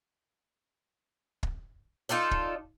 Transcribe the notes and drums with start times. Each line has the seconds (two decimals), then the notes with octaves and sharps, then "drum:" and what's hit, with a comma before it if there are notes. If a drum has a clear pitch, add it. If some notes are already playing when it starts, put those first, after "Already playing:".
1.43 drum: kick
2.09 D#4 F4 A4 D5
2.31 drum: kick